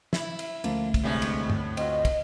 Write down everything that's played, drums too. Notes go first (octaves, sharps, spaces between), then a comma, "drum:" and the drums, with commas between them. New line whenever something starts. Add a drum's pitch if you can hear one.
E4, drum: snare
drum: cymbal
D2 F3 A3 A#3 C#4, drum: cymbal
drum: kick, cymbal
C2 A2 C3 G#3 B3 D4 G#5
drum: cymbal
drum: tom
C4 F4 F#4 D#5, drum: cymbal
drum: kick, cymbal